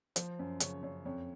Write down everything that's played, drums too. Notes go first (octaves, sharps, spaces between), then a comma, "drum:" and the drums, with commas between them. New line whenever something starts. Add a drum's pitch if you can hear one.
F3 C5, drum: hi-hat
F#2
C#3 C#5, drum: hi-hat
F#2 C#5
F2 C#5